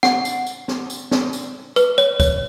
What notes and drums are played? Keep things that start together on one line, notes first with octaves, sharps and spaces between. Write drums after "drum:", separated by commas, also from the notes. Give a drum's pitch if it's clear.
F#5, drum: snare
drum: tambourine
drum: tambourine
drum: snare
drum: tambourine
drum: snare
drum: tambourine
B4, drum: tambourine
C#5, drum: tambourine
C#5, drum: kick, tambourine